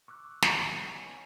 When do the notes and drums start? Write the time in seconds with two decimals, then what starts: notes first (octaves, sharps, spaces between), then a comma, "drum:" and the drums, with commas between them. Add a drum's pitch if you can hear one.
0.08 C#6 D6 E6 F#6
0.42 D#3 G3 F#4 A#5, drum: snare
0.77 B3 C#5 D#5 G#5